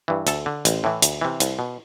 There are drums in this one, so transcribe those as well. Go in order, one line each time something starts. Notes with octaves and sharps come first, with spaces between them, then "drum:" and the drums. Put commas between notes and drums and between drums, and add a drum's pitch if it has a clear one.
G2 E3
D2 A4, drum: hi-hat
D3
A1, drum: hi-hat
A2 E3
D2, drum: hi-hat
C3 E3
C2, drum: hi-hat
B2